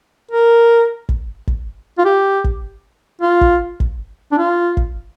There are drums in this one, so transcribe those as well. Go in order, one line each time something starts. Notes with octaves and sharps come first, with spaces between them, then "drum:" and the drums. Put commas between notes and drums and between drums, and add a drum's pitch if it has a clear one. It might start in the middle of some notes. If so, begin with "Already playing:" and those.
A#4
drum: kick
drum: kick
F4
G4
drum: kick
F4
drum: kick
drum: kick
D4
F4
drum: kick